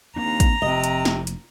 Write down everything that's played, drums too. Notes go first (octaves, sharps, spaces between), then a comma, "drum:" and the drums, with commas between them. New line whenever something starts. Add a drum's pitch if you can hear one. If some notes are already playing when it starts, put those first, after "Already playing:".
D#2 A#3 C4 D4 A#5
drum: kick, hi-hat
F1 C3 D#5
drum: hi-hat
drum: snare
drum: hi-hat